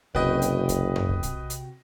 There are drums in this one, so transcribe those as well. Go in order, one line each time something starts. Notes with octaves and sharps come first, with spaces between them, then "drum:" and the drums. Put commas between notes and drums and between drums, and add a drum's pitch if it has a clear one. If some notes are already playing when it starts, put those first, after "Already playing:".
F#1 C3 F#4 B4 D#5 G5, drum: kick
drum: hi-hat
drum: kick, hi-hat
drum: tom F#2
drum: kick
drum: kick, hi-hat
drum: hi-hat